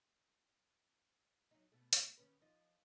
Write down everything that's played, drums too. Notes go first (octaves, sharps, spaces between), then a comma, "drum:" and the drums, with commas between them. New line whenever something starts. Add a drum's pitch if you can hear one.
F#3 D#4
B2 A3
drum: open hi-hat
D#3 C#4 B4
F3 D#4 D#5